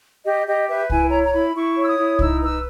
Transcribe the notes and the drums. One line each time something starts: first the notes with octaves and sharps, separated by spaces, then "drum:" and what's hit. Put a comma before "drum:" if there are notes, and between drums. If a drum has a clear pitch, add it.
G4 D#5
G4 D#5
B4 E5
E4 G#5, drum: kick C2
C#5 A#5
A#5
E4 B5
E4 C#6
C#5
E6
D#6
E4
D#4 E6, drum: kick C2
B4 E6